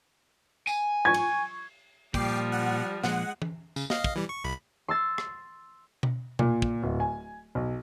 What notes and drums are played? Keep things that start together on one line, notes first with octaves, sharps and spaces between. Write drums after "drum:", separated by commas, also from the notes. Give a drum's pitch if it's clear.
G#5, drum: tambourine
C#6 G#6
drum: cymbal
A#2 F3 G3 G5 D6 C7, drum: kick
F#5
A#2 F3 G#3 F#5, drum: snare
drum: tom E3
C#3, drum: tambourine
D#5 F5, drum: snare
drum: kick
E3 G3
C#6
C2 B5
C6 E6 A6
drum: rim click
drum: tom B2
A#2, drum: tom B2
drum: kick
D1
G#5
B1